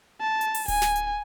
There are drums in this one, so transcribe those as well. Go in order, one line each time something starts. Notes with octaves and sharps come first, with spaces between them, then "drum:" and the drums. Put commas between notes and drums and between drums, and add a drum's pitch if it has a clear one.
A5
drum: hi-hat
drum: open hi-hat
G#5, drum: kick D1, open hi-hat
drum: snare
drum: hi-hat